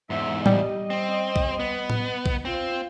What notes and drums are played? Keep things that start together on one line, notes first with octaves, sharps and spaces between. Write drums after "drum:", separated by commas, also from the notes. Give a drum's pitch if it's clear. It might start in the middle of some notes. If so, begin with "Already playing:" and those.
E2 G#2 E5
G3 D#5, drum: tom A2
C4
drum: kick B1
B3
drum: tom A2
drum: kick B1
C4 F4